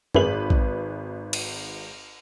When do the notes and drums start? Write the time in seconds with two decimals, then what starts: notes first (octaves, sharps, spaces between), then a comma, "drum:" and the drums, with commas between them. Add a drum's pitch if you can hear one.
0.14 G#1 G#4 B4 F#7, drum: tom F#2
0.50 drum: kick A#1
1.33 drum: cymbal